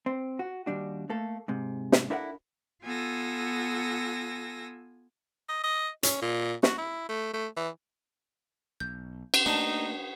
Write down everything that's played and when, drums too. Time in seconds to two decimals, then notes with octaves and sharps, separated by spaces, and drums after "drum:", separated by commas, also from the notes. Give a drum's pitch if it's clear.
0.06 C4
0.39 F#4
0.66 D#2 G3 D4 F#4
1.10 A3 A#3 A4
1.48 G#2 C3
1.92 drum: snare
2.10 D4 E4 A4 A#4 D5 F#5
2.84 B3 F4 A4 G#5 E6 A#6
5.49 D#5
5.64 D#5
6.03 C#4, drum: hi-hat
6.22 A#2
6.63 F#4, drum: snare
6.78 E4
7.09 A3
7.33 A3
7.57 E3
8.80 B1 G6
9.34 drum: cymbal
9.46 A3 A#3 D4 D#4 A5 E7